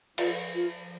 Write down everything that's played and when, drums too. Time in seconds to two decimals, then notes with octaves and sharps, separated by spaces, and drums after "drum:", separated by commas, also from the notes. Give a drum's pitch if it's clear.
0.18 F3 F4, drum: cymbal
0.55 F4